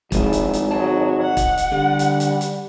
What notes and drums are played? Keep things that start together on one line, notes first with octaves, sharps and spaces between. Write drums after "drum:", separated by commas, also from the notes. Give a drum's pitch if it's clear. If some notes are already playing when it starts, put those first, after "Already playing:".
G#1 F3 G#3 E4, drum: kick, hi-hat
drum: hi-hat
drum: hi-hat
F#3 D#5 A5
F#5
drum: kick, hi-hat
drum: hi-hat
D3 G3
drum: hi-hat
drum: hi-hat
drum: hi-hat